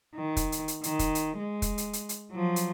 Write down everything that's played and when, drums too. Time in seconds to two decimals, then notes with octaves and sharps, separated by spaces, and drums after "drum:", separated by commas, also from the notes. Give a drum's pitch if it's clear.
0.16 D#3
0.36 drum: kick, hi-hat
0.52 drum: hi-hat
0.68 drum: hi-hat
0.84 D#3, drum: hi-hat
0.99 drum: kick, hi-hat
1.15 drum: hi-hat
1.39 G#3
1.62 drum: kick, hi-hat
1.78 drum: hi-hat
1.93 drum: hi-hat
2.09 drum: hi-hat
2.31 F3 F#3
2.56 drum: hi-hat